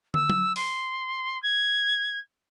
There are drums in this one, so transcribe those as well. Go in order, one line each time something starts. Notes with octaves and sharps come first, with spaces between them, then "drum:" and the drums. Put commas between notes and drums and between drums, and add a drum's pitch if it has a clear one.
E6, drum: tom
drum: tom F#3
C6, drum: open hi-hat
G#6